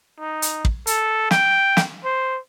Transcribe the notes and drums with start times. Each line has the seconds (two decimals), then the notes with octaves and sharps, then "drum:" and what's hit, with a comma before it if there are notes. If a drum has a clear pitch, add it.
0.20 D#4
0.42 drum: hi-hat
0.65 drum: kick
0.87 A4, drum: hi-hat
1.31 G5, drum: snare
1.77 drum: snare
2.04 C5